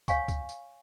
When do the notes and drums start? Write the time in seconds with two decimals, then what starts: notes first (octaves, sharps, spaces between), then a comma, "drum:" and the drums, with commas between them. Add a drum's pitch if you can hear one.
0.08 C#5 F5 G#5 C#6, drum: kick, tambourine
0.28 drum: kick, tambourine
0.49 drum: tambourine